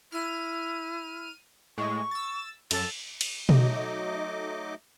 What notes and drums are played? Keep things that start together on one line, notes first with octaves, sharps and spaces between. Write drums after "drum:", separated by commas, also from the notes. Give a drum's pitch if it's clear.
E4 F6 D#7
A2 G#3 C#6
E6 A6
F#2 A4, drum: cymbal
drum: cymbal
F#3 A3 D#4 D#5 D6, drum: tom B2